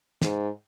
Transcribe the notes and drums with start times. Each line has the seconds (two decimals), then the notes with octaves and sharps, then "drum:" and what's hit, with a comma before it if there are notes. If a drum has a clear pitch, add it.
0.22 G#2, drum: snare